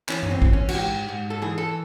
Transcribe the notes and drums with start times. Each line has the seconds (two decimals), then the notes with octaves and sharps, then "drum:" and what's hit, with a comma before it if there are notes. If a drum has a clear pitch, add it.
0.09 E3 C#4, drum: clap
0.23 C#4, drum: tom F#2
0.31 C4
0.42 E3, drum: kick
0.53 C#4
0.69 F#4, drum: cymbal
0.75 G#2 G4
1.09 G#2
1.30 A4
1.42 E3 G#4
1.58 A4